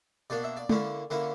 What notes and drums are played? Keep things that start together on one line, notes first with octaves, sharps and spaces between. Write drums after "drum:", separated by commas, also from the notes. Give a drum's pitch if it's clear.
B2 A#3 D4 D5
E5
D5
D3 A#3 C#4 E4, drum: tom G#3
D3 A#3 C#4 E4